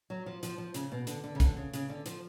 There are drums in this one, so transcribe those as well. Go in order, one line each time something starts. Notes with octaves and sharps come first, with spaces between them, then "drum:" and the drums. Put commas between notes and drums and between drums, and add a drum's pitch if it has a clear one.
F#3
F3
F3, drum: hi-hat
F3
C#3, drum: hi-hat
B2
D3, drum: hi-hat
D3
C#3
D3, drum: kick, hi-hat
C#3
C#3, drum: hi-hat
D3
F3, drum: hi-hat